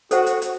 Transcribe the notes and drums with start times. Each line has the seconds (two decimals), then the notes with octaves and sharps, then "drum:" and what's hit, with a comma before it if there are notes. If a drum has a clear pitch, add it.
0.11 F#4 A4 C5 F#5, drum: hi-hat
0.26 drum: hi-hat
0.42 drum: hi-hat